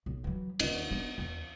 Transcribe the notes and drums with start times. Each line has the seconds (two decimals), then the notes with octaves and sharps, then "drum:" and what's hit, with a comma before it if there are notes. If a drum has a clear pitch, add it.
0.06 B1
0.24 E3 F#3
0.60 D#2 D#3, drum: cymbal
0.91 B3 D4
1.18 E2